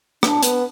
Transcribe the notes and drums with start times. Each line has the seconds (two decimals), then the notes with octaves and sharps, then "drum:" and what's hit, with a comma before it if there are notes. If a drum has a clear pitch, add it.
0.23 D4, drum: rim click
0.43 B3, drum: hi-hat